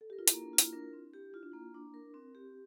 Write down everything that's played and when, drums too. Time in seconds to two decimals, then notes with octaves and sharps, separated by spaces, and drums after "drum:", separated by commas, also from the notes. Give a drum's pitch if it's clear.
0.01 A4
0.10 G4 A#4
0.19 F4
0.28 E4, drum: hi-hat
0.33 A#3
0.43 D4
0.53 F4
0.58 E4, drum: hi-hat
0.73 D4 A#4
0.93 C4
1.14 G4
1.33 E4 F4
1.43 D4
1.52 A#3 E4
1.74 D4
1.94 A#4
2.14 C4
2.35 G4